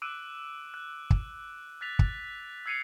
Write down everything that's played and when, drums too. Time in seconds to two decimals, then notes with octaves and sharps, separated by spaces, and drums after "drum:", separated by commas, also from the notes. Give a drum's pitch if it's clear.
0.02 D6 E6 F#6 D7 D#7
0.74 F#6
1.10 drum: kick
1.81 F#6 A6 B6 F7
1.99 drum: kick
2.66 E6 G#6 C7 C#7 D#7 F7